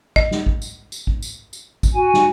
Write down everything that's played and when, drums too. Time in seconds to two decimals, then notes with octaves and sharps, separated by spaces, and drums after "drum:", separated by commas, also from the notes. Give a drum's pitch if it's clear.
0.16 D#5, drum: kick
0.31 drum: snare
0.46 drum: kick
0.62 drum: tambourine
0.92 drum: tambourine
1.07 drum: kick
1.22 drum: tambourine
1.53 drum: tambourine
1.83 drum: kick, tambourine
1.93 F#4 G#5
2.14 drum: snare